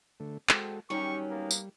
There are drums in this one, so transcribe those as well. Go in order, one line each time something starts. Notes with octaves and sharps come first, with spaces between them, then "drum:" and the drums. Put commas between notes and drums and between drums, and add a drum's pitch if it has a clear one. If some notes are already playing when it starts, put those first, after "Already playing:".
D3 A3
G#3 C4 F#4 A4, drum: clap
D#3 F#3 G3 C#4 G4 A#4 C#6
A#3 B3
drum: tambourine